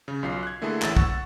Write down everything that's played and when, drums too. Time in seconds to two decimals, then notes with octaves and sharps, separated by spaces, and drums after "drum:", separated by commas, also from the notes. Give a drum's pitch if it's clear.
0.08 C#3
0.23 B1 F4 C7
0.43 F#6 G#6
0.62 D3 A3 A#3 E4 G#4 A4
0.82 A1 E4 E6 A6, drum: clap
0.97 F#5 C#6 E6, drum: kick